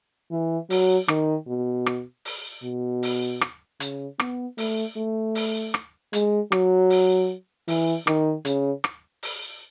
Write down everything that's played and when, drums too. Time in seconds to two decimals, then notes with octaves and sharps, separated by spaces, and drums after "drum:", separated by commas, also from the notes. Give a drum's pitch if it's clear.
0.31 E3
0.70 F#3, drum: open hi-hat
1.08 D#3, drum: rim click
1.48 B2
1.86 drum: rim click
2.25 drum: open hi-hat
2.63 B2
3.03 drum: open hi-hat
3.41 drum: rim click
3.80 C#3, drum: hi-hat
4.19 B3, drum: rim click
4.58 A3, drum: open hi-hat
4.97 A3
5.35 drum: open hi-hat
5.74 drum: rim click
6.13 G#3, drum: hi-hat
6.52 F#3, drum: rim click
6.90 drum: open hi-hat
7.68 E3, drum: open hi-hat
8.07 D#3, drum: rim click
8.45 C#3, drum: hi-hat
8.84 drum: rim click
9.23 drum: open hi-hat